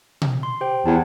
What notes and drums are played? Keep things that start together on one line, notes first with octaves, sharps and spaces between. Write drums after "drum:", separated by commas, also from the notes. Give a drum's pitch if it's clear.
drum: tom B2
C6
G4 C5 G5
E2 F#5 A5